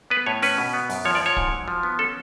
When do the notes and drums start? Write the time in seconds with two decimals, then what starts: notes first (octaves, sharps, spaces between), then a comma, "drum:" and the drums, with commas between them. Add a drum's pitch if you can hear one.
0.10 B3 B4
0.26 A2 C#5
0.42 C#4 B4, drum: open hi-hat
0.58 B2
0.73 B3
0.90 F#2, drum: open hi-hat
1.05 F3 C#5
1.15 D5
1.21 F3 C#5
1.36 G#2, drum: kick D1
1.52 F#3
1.68 F3
1.83 B3
1.99 C#4 A4